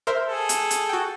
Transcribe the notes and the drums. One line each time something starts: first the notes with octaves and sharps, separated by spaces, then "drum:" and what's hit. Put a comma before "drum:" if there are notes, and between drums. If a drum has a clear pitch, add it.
A#4 C5 E5
G#4 A4
drum: hi-hat
drum: hi-hat
F#4 G5